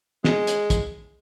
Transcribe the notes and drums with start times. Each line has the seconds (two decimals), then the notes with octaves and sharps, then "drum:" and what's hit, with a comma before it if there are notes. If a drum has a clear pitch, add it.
0.24 G#3, drum: snare
0.47 drum: hi-hat
0.70 drum: kick, hi-hat